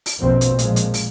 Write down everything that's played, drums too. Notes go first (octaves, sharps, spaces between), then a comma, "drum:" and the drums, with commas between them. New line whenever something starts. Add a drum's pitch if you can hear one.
drum: open hi-hat
A#1 F2 B2 C4
drum: hi-hat
A#2 F3 G#3, drum: hi-hat
drum: hi-hat
drum: open hi-hat